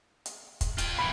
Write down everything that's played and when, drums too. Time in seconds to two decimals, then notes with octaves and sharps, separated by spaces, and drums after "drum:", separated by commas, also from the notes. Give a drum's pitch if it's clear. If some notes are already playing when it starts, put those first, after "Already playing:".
0.26 drum: hi-hat
0.61 drum: kick, hi-hat
0.78 F4 G5, drum: hi-hat
0.99 A#2 E3 B5